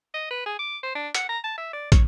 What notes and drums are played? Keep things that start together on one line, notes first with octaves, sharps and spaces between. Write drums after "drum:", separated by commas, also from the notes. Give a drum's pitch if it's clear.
D#5
B4
G#4
D6
C5
D4
F#5, drum: hi-hat
A#5
A5
E5
D5
C#5, drum: kick, hi-hat